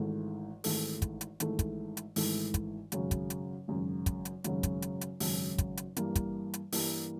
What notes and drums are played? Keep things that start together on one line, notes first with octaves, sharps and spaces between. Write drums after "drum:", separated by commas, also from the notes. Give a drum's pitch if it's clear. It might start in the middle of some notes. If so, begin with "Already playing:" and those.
Already playing: G#1 G#2 E3 A3
G#1 G#2 E3 A3, drum: open hi-hat
drum: kick, hi-hat
drum: hi-hat
G#1 G#2 E3 A3, drum: hi-hat
drum: kick, hi-hat
drum: hi-hat
G#1 G#2 E3 A3, drum: open hi-hat
drum: kick, hi-hat
G#1 F#2 C#3 F#3, drum: hi-hat
drum: kick, hi-hat
drum: hi-hat
G#1 F#2 C#3 F#3
drum: kick, hi-hat
drum: hi-hat
G#1 F#2 C#3 F#3, drum: hi-hat
drum: kick, hi-hat
drum: hi-hat
drum: hi-hat
G#1 F#2 C#3 F#3, drum: open hi-hat
drum: kick, hi-hat
drum: hi-hat
G2 E3 G3 A#3, drum: hi-hat
drum: kick, hi-hat
drum: hi-hat
G2 E3 G3 A#3, drum: open hi-hat